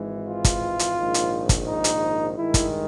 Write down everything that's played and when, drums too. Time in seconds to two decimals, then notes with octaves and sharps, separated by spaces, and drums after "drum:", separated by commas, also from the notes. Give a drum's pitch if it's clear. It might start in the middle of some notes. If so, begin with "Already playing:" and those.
Already playing: G#1 G#2 E3 G#3
0.27 F4
0.44 drum: kick, hi-hat
0.79 drum: hi-hat
0.97 A#1 G#2 D#3
1.14 drum: hi-hat
1.49 drum: kick, hi-hat
1.67 D#4
1.84 drum: hi-hat
2.36 G2 D#3 G#3 E4
2.54 drum: kick, hi-hat